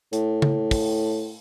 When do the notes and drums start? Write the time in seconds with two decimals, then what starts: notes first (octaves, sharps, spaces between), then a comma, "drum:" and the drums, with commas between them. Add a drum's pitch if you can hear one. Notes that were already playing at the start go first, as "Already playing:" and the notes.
0.13 A2, drum: hi-hat
0.42 drum: tom C#3
0.71 drum: kick, open hi-hat